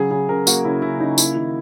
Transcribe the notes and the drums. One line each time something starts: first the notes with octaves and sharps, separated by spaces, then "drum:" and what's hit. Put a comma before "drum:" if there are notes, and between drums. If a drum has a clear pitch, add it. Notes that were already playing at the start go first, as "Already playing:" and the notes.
Already playing: C#3 F#3 G#4
C#3 G#4
C#3 A#4
A#3 F#4, drum: tambourine
C#3 E4
C#3 E4
C#3 D#4
A#3 E4, drum: tambourine
D#3